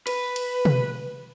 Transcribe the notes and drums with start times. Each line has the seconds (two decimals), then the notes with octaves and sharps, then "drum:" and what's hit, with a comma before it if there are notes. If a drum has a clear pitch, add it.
0.07 B4, drum: cymbal
0.36 drum: cymbal
0.65 drum: tom